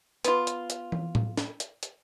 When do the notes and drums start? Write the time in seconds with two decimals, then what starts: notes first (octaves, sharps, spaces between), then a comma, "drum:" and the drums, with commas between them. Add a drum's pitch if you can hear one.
0.24 B3 F4, drum: hi-hat
0.47 drum: hi-hat
0.70 drum: hi-hat
0.92 drum: tom
1.15 drum: tom A2
1.37 drum: snare
1.60 drum: hi-hat
1.83 drum: hi-hat